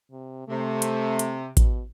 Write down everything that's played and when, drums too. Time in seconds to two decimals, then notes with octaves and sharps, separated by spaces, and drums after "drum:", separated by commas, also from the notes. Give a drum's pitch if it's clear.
0.11 C3
0.48 C3 A3
0.82 drum: hi-hat
1.19 drum: hi-hat
1.57 B2, drum: kick A1, hi-hat